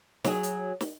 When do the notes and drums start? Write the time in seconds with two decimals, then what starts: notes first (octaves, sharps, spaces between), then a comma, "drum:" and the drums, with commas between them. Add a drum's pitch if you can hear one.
0.25 F#3 G#4, drum: snare
0.43 drum: hi-hat
0.81 drum: snare